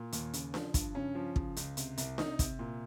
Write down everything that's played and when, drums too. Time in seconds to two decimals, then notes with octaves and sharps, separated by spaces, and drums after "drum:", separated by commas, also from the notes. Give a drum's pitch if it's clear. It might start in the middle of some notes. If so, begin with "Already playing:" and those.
Already playing: A#2
0.12 D#2, drum: hi-hat
0.33 C#3, drum: hi-hat
0.54 F3, drum: snare D4
0.74 G2, drum: kick, hi-hat
0.94 C#3 C#4
1.15 F3
1.36 C#3, drum: kick
1.56 C#2, drum: hi-hat
1.77 C3, drum: hi-hat
1.97 C2, drum: hi-hat
2.18 C3 D#4, drum: snare D4
2.39 C3, drum: kick, hi-hat
2.59 A#2